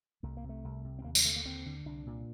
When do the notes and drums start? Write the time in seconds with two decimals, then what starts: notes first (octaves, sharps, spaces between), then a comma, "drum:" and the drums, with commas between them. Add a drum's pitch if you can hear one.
0.23 C2 A3
0.37 A#3
0.44 C3
0.49 A3
0.65 C2
0.85 C3
0.99 C4
1.04 D#2 A#3
1.15 G3, drum: tambourine
1.25 D3 A3
1.36 A#3
1.45 D#2 C4
1.66 D3
1.86 C2 D4
2.06 A#2